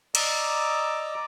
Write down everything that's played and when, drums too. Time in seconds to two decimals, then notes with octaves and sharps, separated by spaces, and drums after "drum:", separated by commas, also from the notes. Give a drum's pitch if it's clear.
0.15 D5 D#5 A#5 D6 E6, drum: cymbal